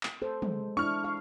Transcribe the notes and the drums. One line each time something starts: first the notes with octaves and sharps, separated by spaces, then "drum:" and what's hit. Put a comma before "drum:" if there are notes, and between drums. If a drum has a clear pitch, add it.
drum: clap
A4 C5
G#3, drum: tom
D4 E4 C#6 F6
F5